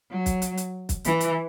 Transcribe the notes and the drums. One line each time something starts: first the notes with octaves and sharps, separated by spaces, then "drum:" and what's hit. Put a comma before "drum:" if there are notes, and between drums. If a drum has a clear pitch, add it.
F#3
drum: kick, hi-hat
drum: hi-hat
drum: hi-hat
drum: kick, hi-hat
E3, drum: hi-hat
drum: hi-hat